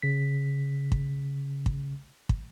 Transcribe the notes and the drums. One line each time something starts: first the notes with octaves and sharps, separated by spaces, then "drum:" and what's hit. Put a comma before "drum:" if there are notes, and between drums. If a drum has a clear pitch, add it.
C#3 B6
drum: kick
drum: kick
drum: kick